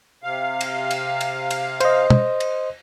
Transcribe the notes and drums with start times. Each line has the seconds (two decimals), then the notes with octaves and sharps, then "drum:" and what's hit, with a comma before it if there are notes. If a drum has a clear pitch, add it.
0.23 C3 F5
0.61 drum: cymbal
0.91 drum: cymbal
1.21 drum: cymbal
1.51 drum: cymbal
1.80 C5 D#5, drum: cymbal
2.10 drum: tom
2.40 drum: cymbal